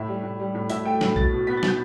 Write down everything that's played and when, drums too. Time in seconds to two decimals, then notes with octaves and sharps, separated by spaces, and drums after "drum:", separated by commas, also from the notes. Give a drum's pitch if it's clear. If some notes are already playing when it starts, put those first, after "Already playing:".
Already playing: A2 E5
0.08 G3
0.24 A2
0.39 G3
0.55 A2
0.70 A2 E5, drum: hi-hat
0.85 A3 G5
1.01 A2, drum: snare
1.16 B2 A6, drum: kick A#1
1.32 B2
1.47 B3 B6
1.57 A6
1.63 B2, drum: snare
1.68 G6